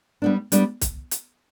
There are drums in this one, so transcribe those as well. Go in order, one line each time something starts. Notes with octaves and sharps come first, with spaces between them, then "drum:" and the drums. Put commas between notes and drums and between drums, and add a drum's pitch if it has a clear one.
G3 B3 D4
G3 B3 D4, drum: hi-hat
drum: kick C2, hi-hat
drum: hi-hat